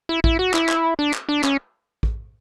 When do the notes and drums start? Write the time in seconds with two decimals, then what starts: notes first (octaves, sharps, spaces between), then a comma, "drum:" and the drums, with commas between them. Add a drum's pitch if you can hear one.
0.09 E4
0.24 E4, drum: kick
0.39 F#4
0.54 E4, drum: clap
0.69 drum: clap
0.99 D4
1.14 drum: clap
1.29 D4
1.44 C#4, drum: clap
2.03 drum: kick